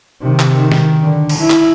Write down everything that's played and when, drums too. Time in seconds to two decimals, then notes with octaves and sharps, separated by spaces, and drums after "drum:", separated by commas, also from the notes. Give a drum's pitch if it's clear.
0.22 C3 D#3
0.39 drum: clap
0.57 D#3
0.72 drum: snare
1.03 D3
1.29 drum: cymbal
1.40 E4
1.50 drum: clap